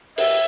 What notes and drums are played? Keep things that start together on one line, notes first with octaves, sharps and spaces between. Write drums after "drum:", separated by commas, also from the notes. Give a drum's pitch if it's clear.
E5, drum: open hi-hat